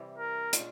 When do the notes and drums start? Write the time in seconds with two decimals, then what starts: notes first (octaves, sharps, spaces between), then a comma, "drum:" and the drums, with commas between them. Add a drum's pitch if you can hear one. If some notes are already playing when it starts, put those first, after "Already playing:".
Already playing: C3 E3 G3
0.18 A#4
0.53 A#2 G#3 C#4, drum: hi-hat